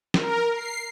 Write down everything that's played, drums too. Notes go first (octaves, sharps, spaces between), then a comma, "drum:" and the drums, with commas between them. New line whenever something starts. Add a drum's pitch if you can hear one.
A#4, drum: snare
C7